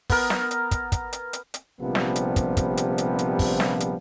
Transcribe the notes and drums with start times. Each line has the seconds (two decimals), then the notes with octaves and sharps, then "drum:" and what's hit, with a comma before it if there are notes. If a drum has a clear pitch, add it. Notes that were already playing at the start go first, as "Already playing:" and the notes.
0.10 B3 A#4, drum: kick, open hi-hat
0.30 drum: snare
0.51 drum: hi-hat
0.71 drum: kick, hi-hat
0.92 drum: kick, hi-hat
1.13 drum: hi-hat
1.33 drum: hi-hat
1.54 drum: hi-hat
1.81 A#1 C3 F3 G3 B3
1.95 drum: snare
2.16 drum: hi-hat
2.36 drum: kick, hi-hat
2.57 drum: kick, hi-hat
2.77 drum: hi-hat
2.98 drum: hi-hat
3.19 drum: hi-hat
3.39 drum: kick, open hi-hat
3.60 drum: snare
3.80 drum: hi-hat